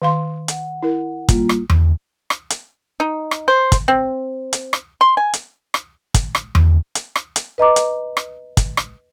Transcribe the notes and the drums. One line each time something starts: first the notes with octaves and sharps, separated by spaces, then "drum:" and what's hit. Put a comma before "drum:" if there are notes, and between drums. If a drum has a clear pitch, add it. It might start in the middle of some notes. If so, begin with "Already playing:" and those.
D#3 F5 C6
F#5, drum: hi-hat
E4 A#4
G3 A#3 F4, drum: kick, hi-hat
drum: rim click
drum: tom E2
drum: rim click
drum: hi-hat
D#4
drum: rim click
C5
drum: kick, hi-hat
C4
drum: hi-hat
drum: rim click
C6
G#5
drum: hi-hat
drum: rim click
drum: kick, hi-hat
drum: rim click
drum: tom E2
drum: hi-hat
drum: rim click
drum: hi-hat
B4 D#5 A#5 D6
drum: hi-hat
drum: rim click
drum: kick, hi-hat
drum: rim click